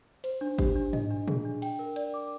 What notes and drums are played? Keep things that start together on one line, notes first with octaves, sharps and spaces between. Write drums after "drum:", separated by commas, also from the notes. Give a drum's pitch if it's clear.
C5, drum: cymbal
D4
G4, drum: kick G#1, cymbal
D4
D#5, drum: tom G#2
D4
G#4, drum: tom A#2
D4
G5, drum: cymbal
A#4
D5, drum: cymbal
D6